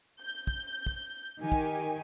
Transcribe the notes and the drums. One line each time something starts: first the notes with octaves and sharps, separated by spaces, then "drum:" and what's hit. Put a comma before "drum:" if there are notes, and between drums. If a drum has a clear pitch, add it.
G6
drum: kick
drum: kick
D#3 G4 G#5
drum: kick